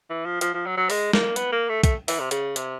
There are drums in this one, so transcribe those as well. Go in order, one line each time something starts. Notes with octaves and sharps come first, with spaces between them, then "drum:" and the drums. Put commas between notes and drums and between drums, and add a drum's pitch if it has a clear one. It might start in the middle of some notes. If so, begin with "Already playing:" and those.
E3
F3
F3, drum: hi-hat
F3
F#3
F#3
G#3, drum: open hi-hat
A#3, drum: snare
B3, drum: hi-hat
A#3
A3
A3, drum: kick, hi-hat
E3, drum: open hi-hat
C3
C#3, drum: hi-hat
C3, drum: hi-hat